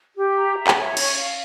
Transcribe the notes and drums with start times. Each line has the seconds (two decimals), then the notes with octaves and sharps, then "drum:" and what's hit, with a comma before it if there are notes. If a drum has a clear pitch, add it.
0.17 G4
0.37 A#5
0.57 E5
0.67 drum: clap
0.77 C#5
0.97 C#4, drum: cymbal
1.18 F5